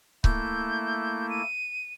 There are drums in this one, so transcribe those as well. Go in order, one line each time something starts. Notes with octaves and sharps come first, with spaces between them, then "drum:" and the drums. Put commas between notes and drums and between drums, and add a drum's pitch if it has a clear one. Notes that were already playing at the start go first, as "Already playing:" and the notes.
A3 A#3 E4 G6, drum: kick C#1
D#7